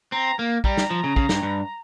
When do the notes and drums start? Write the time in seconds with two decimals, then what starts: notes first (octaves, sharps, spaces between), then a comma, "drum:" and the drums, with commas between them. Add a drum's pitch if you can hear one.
0.12 C4 A#5
0.39 A#3
0.64 G3 A#5, drum: kick
0.78 drum: snare
0.90 F3
1.04 C#3
1.16 C#3, drum: kick
1.29 G2, drum: snare
1.43 G2